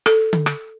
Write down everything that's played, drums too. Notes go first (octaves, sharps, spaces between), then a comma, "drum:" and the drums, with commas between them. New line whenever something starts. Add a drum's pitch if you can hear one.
A4, drum: rim click
drum: tom D3
drum: rim click